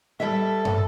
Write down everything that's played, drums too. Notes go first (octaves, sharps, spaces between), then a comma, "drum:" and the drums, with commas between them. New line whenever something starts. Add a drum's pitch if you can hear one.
G3 A4 B4 E5
drum: tom